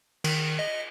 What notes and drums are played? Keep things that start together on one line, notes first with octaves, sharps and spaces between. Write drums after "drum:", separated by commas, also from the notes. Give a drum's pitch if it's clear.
D#3, drum: cymbal
D#5